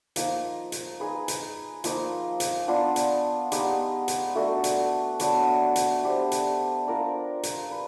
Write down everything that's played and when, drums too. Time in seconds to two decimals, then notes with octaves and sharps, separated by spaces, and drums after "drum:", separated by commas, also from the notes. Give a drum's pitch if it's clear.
0.16 F3 A#3 D#4, drum: hi-hat
0.72 drum: hi-hat
1.00 D#4 G#4 B4
1.28 drum: hi-hat
1.84 F3 A#3 D#4, drum: hi-hat
2.40 drum: hi-hat
2.68 B3 D4 F4
2.96 drum: hi-hat
3.52 G#3 B3 D#4 G4, drum: hi-hat
4.08 drum: hi-hat
4.35 A3 D4 F#4 A4
4.64 drum: hi-hat
5.20 F#3 B3 D4 F#4, drum: hi-hat
5.76 drum: hi-hat
6.03 B3 D4 G4 C5
6.32 drum: hi-hat
6.87 D4 F4 A#4 D5
7.43 drum: hi-hat
7.71 B4